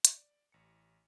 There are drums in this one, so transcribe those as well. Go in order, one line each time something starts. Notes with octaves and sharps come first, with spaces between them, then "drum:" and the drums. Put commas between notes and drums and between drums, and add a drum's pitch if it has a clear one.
drum: hi-hat
D5
A1 C#7